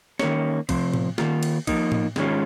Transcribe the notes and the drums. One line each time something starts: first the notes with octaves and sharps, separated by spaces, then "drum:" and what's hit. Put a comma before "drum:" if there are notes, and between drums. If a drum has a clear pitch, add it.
D#3 A#3 C#4, drum: snare
C3 F3 C4, drum: kick, cymbal
drum: tom A2
D#3 A#3 F4, drum: snare
drum: cymbal
F3 A#3 D#4, drum: kick, cymbal
drum: tom A2
G#2 D#3 G#3 C#4 F4, drum: snare